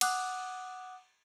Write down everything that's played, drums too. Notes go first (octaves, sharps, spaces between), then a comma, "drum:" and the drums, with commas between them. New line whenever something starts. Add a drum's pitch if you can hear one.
F#5 D6 D#6 F#6, drum: cymbal